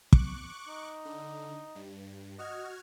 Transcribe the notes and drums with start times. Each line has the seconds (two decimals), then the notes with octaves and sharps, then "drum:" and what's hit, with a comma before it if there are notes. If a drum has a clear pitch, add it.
0.13 C#6 D6 F#6, drum: kick
0.69 D#4
1.05 D3
1.75 G2
2.39 F#4 D#5 F6 G#6